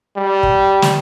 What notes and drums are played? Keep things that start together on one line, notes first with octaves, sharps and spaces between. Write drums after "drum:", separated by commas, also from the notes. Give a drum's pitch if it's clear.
G3
drum: kick
drum: snare